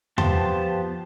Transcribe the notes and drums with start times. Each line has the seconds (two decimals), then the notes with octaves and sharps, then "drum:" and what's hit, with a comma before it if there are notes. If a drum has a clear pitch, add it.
0.18 F3 B3 G4 A5 C6, drum: tom E2